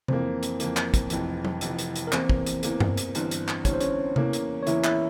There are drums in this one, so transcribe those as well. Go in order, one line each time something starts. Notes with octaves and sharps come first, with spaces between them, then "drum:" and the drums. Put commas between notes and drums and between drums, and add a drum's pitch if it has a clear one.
F2 E3 A#3 C4 C5, drum: tom C3
drum: hi-hat
F2 E3 A#3, drum: hi-hat
drum: clap
drum: kick, hi-hat
F1 F2 E3, drum: hi-hat
drum: tom F#3
F1 F2 E3, drum: hi-hat
drum: hi-hat
drum: hi-hat
A#4
E2 E3 A#3 C4 C5, drum: clap
drum: kick
drum: hi-hat
E2 E3 A#3, drum: hi-hat
drum: tom G2
drum: hi-hat
G1 G2 E3, drum: hi-hat
drum: hi-hat
drum: clap
G1 G2 E3 C#5, drum: kick, hi-hat
C5
C#4 C#5, drum: hi-hat
E2 E3 A#3, drum: tom C3
drum: hi-hat
C#5
E2 E3 A#3 E4 E5, drum: hi-hat
E4 E5, drum: clap